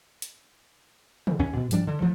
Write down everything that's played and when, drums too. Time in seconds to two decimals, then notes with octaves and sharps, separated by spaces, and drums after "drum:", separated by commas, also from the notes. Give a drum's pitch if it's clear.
0.22 drum: hi-hat
1.27 drum: tom
1.39 D#2 C#4
1.56 B2
1.71 G#2 F3 G3 D4, drum: hi-hat
1.87 D3
2.01 E3 F3 A3